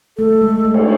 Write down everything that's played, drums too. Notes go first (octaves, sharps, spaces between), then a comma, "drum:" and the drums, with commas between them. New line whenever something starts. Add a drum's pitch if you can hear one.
A3 A4
G#3
A3
drum: cymbal